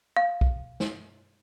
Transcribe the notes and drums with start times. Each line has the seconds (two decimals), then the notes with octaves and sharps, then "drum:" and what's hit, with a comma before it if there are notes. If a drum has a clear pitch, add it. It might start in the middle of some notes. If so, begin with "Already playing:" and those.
0.17 F5
0.41 drum: kick
0.80 drum: snare